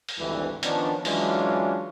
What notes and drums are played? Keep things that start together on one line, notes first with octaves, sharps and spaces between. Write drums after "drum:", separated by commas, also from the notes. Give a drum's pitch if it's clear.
drum: open hi-hat
G#1 D2 G2 E3
D#3 F3 B3 C#4 D4, drum: hi-hat
E3 F#3 G#3 C#4 D4 F4, drum: open hi-hat